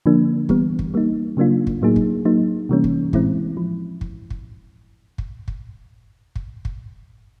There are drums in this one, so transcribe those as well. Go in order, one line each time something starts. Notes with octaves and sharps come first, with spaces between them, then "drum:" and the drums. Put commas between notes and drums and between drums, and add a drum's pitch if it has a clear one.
D3 F3 A#3 D4
E3 G3 B3, drum: kick
drum: kick
G3 A#3 D#4
C#3 F#3 A#3 D4 F4
drum: kick
A2 F#3 A#3 D#4 G#4
drum: kick
F#3 A#3 D#4
C3 E3 G3 A#3 C#4
drum: kick
A2 E3 G#3 C4 E4, drum: kick
F3
drum: kick
drum: kick
drum: kick
drum: kick
drum: kick
drum: kick